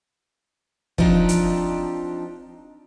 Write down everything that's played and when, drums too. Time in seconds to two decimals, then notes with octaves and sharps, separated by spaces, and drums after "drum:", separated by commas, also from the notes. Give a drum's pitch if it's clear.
0.98 F3 C4 D4 D#4 G4, drum: kick
1.29 drum: hi-hat